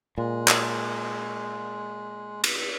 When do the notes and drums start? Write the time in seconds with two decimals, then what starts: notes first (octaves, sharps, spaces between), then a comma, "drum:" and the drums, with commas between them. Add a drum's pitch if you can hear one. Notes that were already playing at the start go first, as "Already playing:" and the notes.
0.18 A#2 G#3
0.48 drum: clap
2.44 drum: cymbal